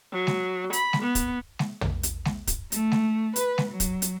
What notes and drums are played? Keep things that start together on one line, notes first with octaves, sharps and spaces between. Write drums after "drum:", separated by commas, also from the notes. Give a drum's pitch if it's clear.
F#3
drum: snare G#3
B5, drum: hi-hat
drum: snare G#3
B3
drum: kick, hi-hat
drum: snare G#3
drum: tom
drum: hi-hat
drum: snare G#3
drum: kick, hi-hat
A3, drum: hi-hat
drum: snare G#3
B4, drum: hi-hat
drum: snare G#3
F#3
drum: kick, hi-hat
drum: hi-hat